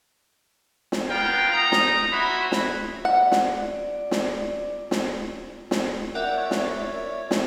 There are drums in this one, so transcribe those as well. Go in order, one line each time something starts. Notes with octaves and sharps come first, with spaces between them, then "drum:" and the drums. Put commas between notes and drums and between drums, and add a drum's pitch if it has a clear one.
drum: snare
B3 F4 A#4 G5
D#4 A#5
drum: snare
E4 F#4 C5 B5
drum: snare
D5 F#5
drum: snare
drum: snare
drum: snare
drum: snare
A#4 D5 E5 F#5 G5
C#5
drum: snare
drum: snare